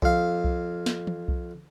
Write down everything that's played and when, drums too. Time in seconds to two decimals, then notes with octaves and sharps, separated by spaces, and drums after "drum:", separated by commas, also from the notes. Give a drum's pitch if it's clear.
0.02 F2 F5, drum: kick B1
0.44 drum: kick B1
0.86 drum: snare
1.07 drum: tom
1.28 drum: kick B1